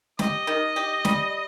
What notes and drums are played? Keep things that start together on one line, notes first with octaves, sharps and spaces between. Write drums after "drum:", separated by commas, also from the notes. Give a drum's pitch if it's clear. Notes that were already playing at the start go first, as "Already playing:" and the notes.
G4 D#5, drum: snare
D#3
G4
G3, drum: snare